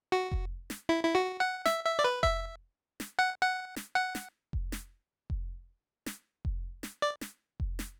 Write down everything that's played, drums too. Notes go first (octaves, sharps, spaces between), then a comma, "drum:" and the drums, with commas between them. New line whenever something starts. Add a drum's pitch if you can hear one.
F#4
drum: kick F1
drum: snare
E4
E4
F#4
F#5
E5, drum: snare
E5
D5
B4
E5, drum: kick F1
drum: snare
F#5
F#5
drum: snare
F#5
drum: snare
drum: kick F1
drum: snare
drum: kick F1
drum: snare
drum: kick F1
drum: snare
D5
drum: snare
drum: kick F1
drum: snare